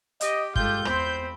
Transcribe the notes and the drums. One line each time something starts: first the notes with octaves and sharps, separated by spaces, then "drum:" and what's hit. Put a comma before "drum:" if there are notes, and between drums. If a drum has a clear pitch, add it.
G4 D#5, drum: hi-hat
G2 G#3 F4 G4 A4 G6, drum: kick G1
E2 C4 C5 B5, drum: rim click